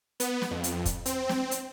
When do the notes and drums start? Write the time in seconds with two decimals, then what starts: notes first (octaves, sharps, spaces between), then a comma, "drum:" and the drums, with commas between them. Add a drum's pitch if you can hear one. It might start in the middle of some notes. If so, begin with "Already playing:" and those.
0.20 B3, drum: hi-hat
0.42 drum: snare
0.51 F2
0.64 drum: hi-hat
0.86 drum: kick, hi-hat
1.06 C4, drum: hi-hat
1.29 drum: snare
1.51 drum: hi-hat